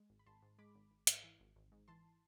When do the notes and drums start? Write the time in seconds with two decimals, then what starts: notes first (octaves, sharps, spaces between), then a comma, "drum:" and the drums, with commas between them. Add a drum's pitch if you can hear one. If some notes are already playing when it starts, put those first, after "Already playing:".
Already playing: G#3
0.10 G#1
0.19 B5
0.26 G#1 A5 C6
0.42 G#2
0.59 G#3 B5 D6
0.75 G#1
0.91 G#1
1.07 G#2, drum: hi-hat
1.23 E3
1.40 G#1
1.55 G#1
1.72 G#2
1.88 E3 A5 C6